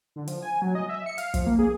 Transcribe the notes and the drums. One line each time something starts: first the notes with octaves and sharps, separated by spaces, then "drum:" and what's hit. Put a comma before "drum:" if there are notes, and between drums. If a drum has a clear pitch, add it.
D3
F3, drum: hi-hat
G#5
F#3
D#5
E5
C#7
F5, drum: hi-hat
F3, drum: kick, hi-hat
A#3
G#4